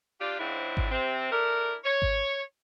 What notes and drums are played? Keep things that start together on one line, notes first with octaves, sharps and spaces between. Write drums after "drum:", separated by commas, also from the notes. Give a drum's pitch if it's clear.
D4 F4 G4
G#2 C#3 F3 C4 D4 E4
drum: kick G#1
C3 C4
A3 D4 E4 A#4
C#5
drum: kick G#1